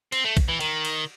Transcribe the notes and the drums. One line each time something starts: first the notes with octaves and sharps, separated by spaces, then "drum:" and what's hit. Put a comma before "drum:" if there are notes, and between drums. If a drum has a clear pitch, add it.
C4, drum: cymbal
A3
drum: kick, cymbal
E3
D#3, drum: cymbal
drum: cymbal